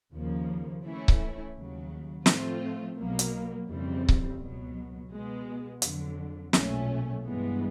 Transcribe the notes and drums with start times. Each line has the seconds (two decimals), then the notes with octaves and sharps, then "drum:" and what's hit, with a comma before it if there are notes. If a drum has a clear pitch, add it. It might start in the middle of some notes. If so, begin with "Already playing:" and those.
0.12 D#2 C#3 F3 A#3
0.83 E3 A3 C#4 E4
1.08 drum: kick C#1
1.54 D#2 C#3 F#3
2.26 A2 F3 A3 C4 F4, drum: snare
2.97 B1 B2 F#3 A#3
3.19 drum: hi-hat
3.68 F2 C#3 E3 G3 C4
4.09 drum: kick C#1
4.40 C#2 B2 F#3
5.11 B2 G#3 B3
5.82 F2 D3 F#3, drum: hi-hat
6.53 B1 A#2 F#3 A3 C#4, drum: snare
7.25 G2 E3 G#3 B3